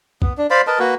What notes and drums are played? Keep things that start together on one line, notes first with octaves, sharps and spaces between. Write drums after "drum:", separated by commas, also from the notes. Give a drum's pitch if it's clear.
B3, drum: kick
D4
C5 D5 F5 B5
A#4 B4 D#5 A5
A#3 F#4 B4